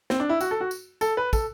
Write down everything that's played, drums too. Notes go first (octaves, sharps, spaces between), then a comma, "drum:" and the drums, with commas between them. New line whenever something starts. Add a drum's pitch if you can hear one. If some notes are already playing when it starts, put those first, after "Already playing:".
C4, drum: snare
D4
E4
F#4, drum: tambourine
A4
F#4
drum: tambourine
A4, drum: tambourine
B4
A4, drum: kick, tambourine